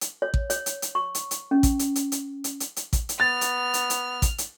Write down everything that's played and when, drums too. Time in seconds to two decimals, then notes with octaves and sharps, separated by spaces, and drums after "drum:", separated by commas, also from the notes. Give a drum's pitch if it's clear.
0.01 drum: hi-hat
0.22 C#5
0.34 drum: kick A1
0.50 C#5, drum: hi-hat
0.66 drum: hi-hat
0.82 drum: hi-hat
0.95 C#6
1.15 drum: hi-hat
1.31 drum: hi-hat
1.51 C#4
1.63 drum: kick A1, hi-hat
1.79 drum: hi-hat
1.96 drum: hi-hat
2.12 drum: hi-hat
2.44 drum: hi-hat
2.60 drum: hi-hat
2.76 drum: hi-hat
2.93 drum: kick A1, hi-hat
3.09 drum: hi-hat
3.20 B3 F6 A6
3.41 drum: hi-hat
3.74 drum: hi-hat
3.90 drum: hi-hat
4.22 drum: kick A1, hi-hat
4.38 drum: hi-hat